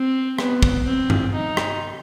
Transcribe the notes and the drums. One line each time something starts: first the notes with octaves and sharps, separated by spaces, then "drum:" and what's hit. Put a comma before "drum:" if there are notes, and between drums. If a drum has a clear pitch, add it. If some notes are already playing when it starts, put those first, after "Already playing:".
Already playing: C4
B3, drum: rim click
drum: kick
C4
drum: tom G2
D#4
drum: rim click